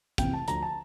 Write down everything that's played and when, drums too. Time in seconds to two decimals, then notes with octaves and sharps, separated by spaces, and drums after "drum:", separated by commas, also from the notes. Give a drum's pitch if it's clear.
0.18 F1 F2 C3 E3 G5, drum: kick, hi-hat
0.33 A5
0.48 D2 D3 F3 A#5, drum: hi-hat
0.63 A5